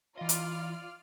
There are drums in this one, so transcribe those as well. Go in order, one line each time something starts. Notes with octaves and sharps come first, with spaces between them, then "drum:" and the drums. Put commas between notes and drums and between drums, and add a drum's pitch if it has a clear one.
E3 F4 D5 D#5 F6
drum: hi-hat